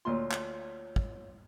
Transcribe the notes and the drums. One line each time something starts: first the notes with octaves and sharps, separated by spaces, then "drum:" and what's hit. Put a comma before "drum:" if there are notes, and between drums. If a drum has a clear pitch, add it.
D2 A#2 F4 C#5 C6
drum: clap
drum: kick